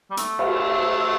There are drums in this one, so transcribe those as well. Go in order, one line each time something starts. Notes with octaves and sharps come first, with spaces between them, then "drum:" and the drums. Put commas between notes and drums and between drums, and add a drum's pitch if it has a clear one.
G3
A3, drum: hi-hat
drum: cymbal